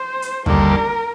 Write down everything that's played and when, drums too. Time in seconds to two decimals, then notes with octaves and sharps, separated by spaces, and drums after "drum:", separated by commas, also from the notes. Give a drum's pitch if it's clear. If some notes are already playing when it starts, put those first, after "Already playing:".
Already playing: C5
0.22 drum: hi-hat
0.46 D#2 D3 G3 A#4, drum: kick